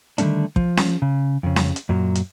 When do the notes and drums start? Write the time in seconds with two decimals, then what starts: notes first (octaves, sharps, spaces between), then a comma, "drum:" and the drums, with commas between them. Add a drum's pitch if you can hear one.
0.18 D3 D#3 G3 A3 C#4 D4, drum: hi-hat
0.56 F3, drum: kick
0.77 drum: snare C#4
1.02 C#3
1.43 F2 C#3
1.56 drum: snare C#4
1.76 drum: hi-hat
1.89 F#2 A#2 F#3
2.15 drum: hi-hat